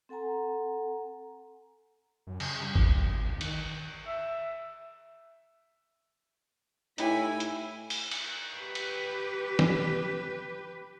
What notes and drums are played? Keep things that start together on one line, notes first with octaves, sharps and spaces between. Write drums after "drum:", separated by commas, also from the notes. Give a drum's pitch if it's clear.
C4 A4 F#5 G#5 A#5
F#2
C#3, drum: cymbal
G3
D#1, drum: kick G#1
F#2
A#2
G#1
D#3, drum: cymbal
E5
A2 D#4 E4 G4 C#5 G#5 B5, drum: hi-hat
drum: hi-hat
drum: open hi-hat
drum: cymbal
G4 B4
drum: cymbal
drum: snare